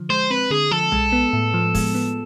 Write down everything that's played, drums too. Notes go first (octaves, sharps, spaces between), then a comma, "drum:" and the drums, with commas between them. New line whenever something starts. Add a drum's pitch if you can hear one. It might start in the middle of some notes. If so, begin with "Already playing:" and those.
Already playing: D3 F3
G#3 C5
C4 B4
D3 G#4
F3 A4
G#3, drum: tom B1
B3
A2
F3
G#3, drum: kick, open hi-hat
B3